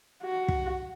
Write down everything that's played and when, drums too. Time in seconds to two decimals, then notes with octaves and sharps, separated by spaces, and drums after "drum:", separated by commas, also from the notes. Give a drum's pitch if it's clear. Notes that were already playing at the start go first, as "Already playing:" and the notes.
0.23 F#4
0.48 drum: kick